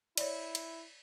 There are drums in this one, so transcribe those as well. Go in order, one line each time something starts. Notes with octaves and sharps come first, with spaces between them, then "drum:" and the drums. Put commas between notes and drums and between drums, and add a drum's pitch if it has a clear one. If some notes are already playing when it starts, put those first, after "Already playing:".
E4 C#5 D5, drum: cymbal
drum: cymbal